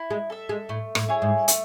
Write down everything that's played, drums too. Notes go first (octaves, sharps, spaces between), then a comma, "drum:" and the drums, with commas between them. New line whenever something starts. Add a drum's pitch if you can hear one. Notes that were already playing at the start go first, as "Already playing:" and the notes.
Already playing: E4
G#3
A4 E5
G#3
A2 A3
A2, drum: rim click
E4 G#4 C#5
G#2
A3, drum: hi-hat